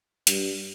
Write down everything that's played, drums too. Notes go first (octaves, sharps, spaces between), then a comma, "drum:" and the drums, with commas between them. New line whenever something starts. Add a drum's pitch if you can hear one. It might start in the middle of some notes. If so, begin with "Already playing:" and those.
G2, drum: hi-hat